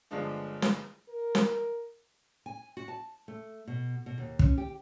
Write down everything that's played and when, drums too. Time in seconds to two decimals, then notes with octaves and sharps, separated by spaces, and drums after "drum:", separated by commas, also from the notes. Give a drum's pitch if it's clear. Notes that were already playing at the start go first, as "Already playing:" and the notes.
0.11 G1 D3 F3 G#3 D4
0.62 drum: snare
1.09 A#4
1.35 drum: snare
2.46 G#5
2.77 F#4
2.88 A5
3.28 A3
3.67 B2
4.06 B2
4.18 D#2
4.39 C#4, drum: kick
4.57 G4